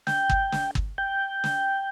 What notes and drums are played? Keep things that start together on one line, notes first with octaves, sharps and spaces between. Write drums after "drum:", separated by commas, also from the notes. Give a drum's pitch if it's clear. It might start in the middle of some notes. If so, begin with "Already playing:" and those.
G5, drum: snare
drum: kick
drum: snare
drum: kick
G5
drum: snare